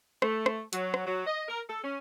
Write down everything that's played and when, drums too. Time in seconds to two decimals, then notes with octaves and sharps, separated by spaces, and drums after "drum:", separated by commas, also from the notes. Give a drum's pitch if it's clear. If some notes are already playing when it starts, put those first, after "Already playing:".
0.22 A3, drum: rim click
0.46 drum: rim click
0.73 F#3, drum: hi-hat
0.94 drum: rim click
1.06 F#3
1.26 D#5
1.48 A#4
1.69 A4
1.84 C#4